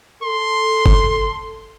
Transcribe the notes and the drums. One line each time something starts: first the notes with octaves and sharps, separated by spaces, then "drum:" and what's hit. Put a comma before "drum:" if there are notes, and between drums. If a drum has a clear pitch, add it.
A4 C6
drum: kick F#1